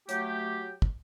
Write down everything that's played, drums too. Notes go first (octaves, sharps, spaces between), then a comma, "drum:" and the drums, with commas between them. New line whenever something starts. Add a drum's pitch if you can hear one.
F#3 A3 G4, drum: hi-hat
drum: kick